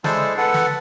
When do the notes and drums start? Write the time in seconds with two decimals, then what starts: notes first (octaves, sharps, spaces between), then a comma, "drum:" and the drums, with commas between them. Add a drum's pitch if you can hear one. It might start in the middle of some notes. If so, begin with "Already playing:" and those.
0.04 G#3 D4 E4 A4 C5 A5, drum: snare
0.38 A4 B4 F#5
0.54 drum: snare